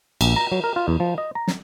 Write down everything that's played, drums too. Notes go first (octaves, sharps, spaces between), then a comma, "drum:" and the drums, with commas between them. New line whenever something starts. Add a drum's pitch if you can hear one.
A#1, drum: cymbal
A#5
F#3
A#4
F4
E2
F3
D#5
A#5
drum: snare